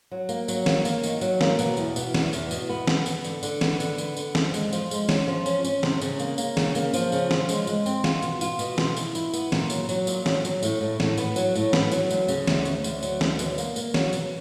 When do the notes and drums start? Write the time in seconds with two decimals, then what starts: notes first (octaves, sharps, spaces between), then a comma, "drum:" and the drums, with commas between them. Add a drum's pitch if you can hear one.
0.11 F#3
0.29 A#3, drum: tambourine
0.48 F#3, drum: tambourine
0.66 A#3, drum: snare
0.85 A#3, drum: tambourine
1.03 D#3, drum: tambourine
1.21 F#3, drum: tambourine
1.41 A#3, drum: snare
1.59 B2, drum: tambourine
1.77 E2, drum: tambourine
1.96 B2, drum: tambourine
2.14 E2, drum: snare
2.33 E2, drum: tambourine
2.51 B2, drum: tambourine
2.69 B3
2.87 B3, drum: snare
3.06 B3, drum: tambourine
3.25 D3, drum: tambourine
3.43 D3, drum: tambourine
3.61 B3, drum: snare
3.80 D3, drum: tambourine
3.98 B3, drum: tambourine
4.17 D3, drum: tambourine
4.35 F2, drum: snare
4.54 G#3, drum: tambourine
4.73 F3, drum: tambourine
4.91 G#3, drum: tambourine
5.09 C#4, drum: snare
5.28 F3
5.46 C#4, drum: tambourine
5.64 C#4, drum: tambourine
5.83 C3, drum: snare
6.01 C#3, drum: tambourine
6.20 A#3, drum: tambourine
6.38 A#3, drum: tambourine
6.57 C#3, drum: snare
6.75 A#3, drum: tambourine
6.93 F3, drum: tambourine
7.12 C#3, drum: tambourine
7.31 F3, drum: snare
7.49 G#3, drum: tambourine
7.67 G#3, drum: tambourine
7.86 C4, drum: tambourine
8.04 F4, drum: snare
8.22 B2, drum: tambourine
8.41 F4, drum: tambourine
8.59 B2, drum: tambourine
8.78 F4, drum: snare
8.97 E4, drum: tambourine
9.15 E4, drum: tambourine
9.34 B3, drum: tambourine
9.52 A#2, drum: snare
9.70 F#3, drum: tambourine
9.89 F#3, drum: tambourine
10.07 A#2, drum: tambourine
10.26 F#3, drum: snare
10.45 F#3, drum: tambourine
10.63 A2, drum: tambourine
10.81 A2
11.00 A2, drum: snare
11.18 B3, drum: tambourine
11.36 F#3, drum: tambourine
11.55 A2, drum: tambourine
11.73 B3, drum: snare
11.92 F#3, drum: tambourine
12.11 D2, drum: tambourine
12.28 C#3, drum: tambourine
12.47 D2, drum: snare
12.65 D2, drum: tambourine
12.84 D2, drum: tambourine
13.03 F#3, drum: tambourine
13.21 D2, drum: snare
13.39 B2, drum: tambourine
13.58 A#3, drum: tambourine
13.76 A#3, drum: tambourine
13.94 F#3, drum: snare
14.13 B2, drum: tambourine